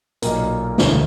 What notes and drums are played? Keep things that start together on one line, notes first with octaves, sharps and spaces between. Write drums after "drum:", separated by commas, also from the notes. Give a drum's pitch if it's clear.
B1 A#2 A#4, drum: hi-hat
E1 D2 D3, drum: snare